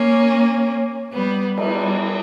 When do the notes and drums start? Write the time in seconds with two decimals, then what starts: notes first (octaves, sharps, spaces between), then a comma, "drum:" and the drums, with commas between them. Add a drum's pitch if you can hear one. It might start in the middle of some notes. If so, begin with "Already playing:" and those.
Already playing: A#3 C#4
1.12 G3 B3
1.58 G3 B3, drum: cymbal